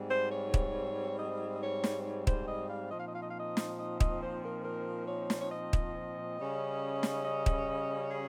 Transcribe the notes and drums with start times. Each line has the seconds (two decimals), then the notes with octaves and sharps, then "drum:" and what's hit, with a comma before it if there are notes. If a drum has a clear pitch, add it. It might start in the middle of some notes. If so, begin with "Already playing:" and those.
Already playing: G#2 G3 C4
0.10 C5
0.32 C#5
0.54 drum: kick
1.19 D#5
1.55 D#5
1.63 C#5
1.84 drum: snare
2.05 C#5
2.27 C5, drum: kick
2.48 D#5
2.70 F5
2.91 A#2 F3 C4 D#4 D#5
2.99 F5
3.07 D#5
3.15 F5
3.23 D#5
3.30 F5
3.38 D#5
3.57 drum: snare
3.78 D#5
4.00 D#5, drum: kick
4.21 C5
4.44 A#4
4.64 A#4
5.08 C#5
5.30 drum: snare
5.41 C#5
5.52 D#5
5.73 drum: kick
6.38 C#3 G3 C#4
7.03 drum: snare
7.25 D#5
7.46 drum: kick
8.11 G#4